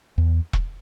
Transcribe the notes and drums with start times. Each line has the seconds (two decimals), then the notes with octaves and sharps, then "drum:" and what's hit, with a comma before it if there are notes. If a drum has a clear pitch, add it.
0.18 E2
0.53 drum: kick E1